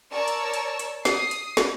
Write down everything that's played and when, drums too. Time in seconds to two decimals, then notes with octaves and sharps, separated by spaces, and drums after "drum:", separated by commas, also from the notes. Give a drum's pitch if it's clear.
0.13 A#4 C#5 D5 A5 C#6 E6
0.28 drum: hi-hat
0.54 drum: hi-hat
0.79 drum: hi-hat
1.05 D#6 C7, drum: snare
1.31 drum: hi-hat
1.57 drum: snare